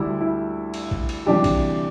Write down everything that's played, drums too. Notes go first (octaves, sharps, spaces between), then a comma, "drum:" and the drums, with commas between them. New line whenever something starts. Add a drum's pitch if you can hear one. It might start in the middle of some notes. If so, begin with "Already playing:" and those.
Already playing: D2 D3 G3 E4
E4
drum: cymbal
drum: kick A#1
drum: cymbal
D2 C3 E3 G3 D4 G4
drum: kick A#1, cymbal